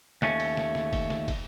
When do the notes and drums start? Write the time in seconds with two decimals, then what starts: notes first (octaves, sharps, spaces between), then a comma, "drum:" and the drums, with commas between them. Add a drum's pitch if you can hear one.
0.22 D#2 A3 C#4, drum: snare
0.40 drum: cymbal
0.57 drum: snare
0.75 drum: snare
0.93 drum: kick, cymbal
1.10 drum: snare
1.28 drum: kick, cymbal